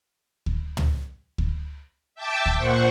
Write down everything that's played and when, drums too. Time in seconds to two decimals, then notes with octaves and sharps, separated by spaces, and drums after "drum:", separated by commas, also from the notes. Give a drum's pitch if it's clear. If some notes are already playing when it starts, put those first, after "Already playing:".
0.46 drum: kick D2
0.77 drum: tom
1.38 drum: kick D2
2.15 E5 G5 A5 D6 E6
2.46 drum: kick D2
2.57 A#2 C5 F#5 C#6